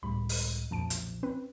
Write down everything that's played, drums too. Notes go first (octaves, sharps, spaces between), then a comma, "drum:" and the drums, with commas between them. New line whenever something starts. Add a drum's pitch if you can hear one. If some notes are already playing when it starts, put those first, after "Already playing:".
C#2 A2 G3 B5
drum: open hi-hat
B1 F2 A#2 F3 A5 D7
drum: hi-hat
C4 C#4 B4